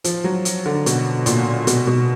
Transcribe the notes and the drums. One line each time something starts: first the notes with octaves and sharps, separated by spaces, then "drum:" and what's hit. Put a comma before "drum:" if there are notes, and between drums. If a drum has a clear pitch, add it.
F3, drum: hi-hat
F#3
drum: hi-hat
D3
B2, drum: hi-hat
A#2, drum: hi-hat
B2, drum: hi-hat
B2